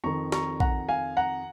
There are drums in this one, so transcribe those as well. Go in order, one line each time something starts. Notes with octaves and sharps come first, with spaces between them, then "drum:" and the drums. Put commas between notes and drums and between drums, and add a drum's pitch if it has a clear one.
F2 D#3 A#5 C#6
A#5 C#6, drum: snare
F#5 A#5, drum: kick A#1
F5 G#5
F#5 A#5